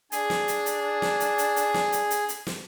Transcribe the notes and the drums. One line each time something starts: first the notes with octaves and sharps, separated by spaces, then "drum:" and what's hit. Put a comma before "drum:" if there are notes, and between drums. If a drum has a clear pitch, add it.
D4 G#4, drum: hi-hat
drum: snare
drum: hi-hat
drum: hi-hat
drum: snare
drum: hi-hat
drum: hi-hat
drum: hi-hat
drum: snare
drum: hi-hat
drum: hi-hat
drum: hi-hat
drum: snare